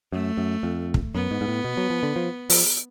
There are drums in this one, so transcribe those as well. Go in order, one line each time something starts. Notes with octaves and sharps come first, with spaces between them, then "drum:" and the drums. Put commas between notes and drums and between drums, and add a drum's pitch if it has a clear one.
F#2 A3
F#2
F2
drum: kick
F#2 B3
G#2
G#2
A2
B2
F#3
F3
D3
F3
F3, drum: open hi-hat